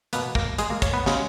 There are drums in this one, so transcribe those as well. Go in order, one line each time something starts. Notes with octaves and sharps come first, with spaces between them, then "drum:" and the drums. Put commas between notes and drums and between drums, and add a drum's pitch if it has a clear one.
B2 A#3 B3 B4, drum: hi-hat
A#3 A#4, drum: kick
G#3 G#4, drum: hi-hat
A#3 A#4
C#5, drum: kick, hi-hat
B3 B4
C#3 G#3, drum: snare